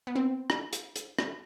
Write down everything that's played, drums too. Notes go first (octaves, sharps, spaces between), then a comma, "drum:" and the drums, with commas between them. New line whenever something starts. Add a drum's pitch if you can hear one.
B3
C4
drum: rim click
drum: hi-hat
drum: hi-hat
drum: rim click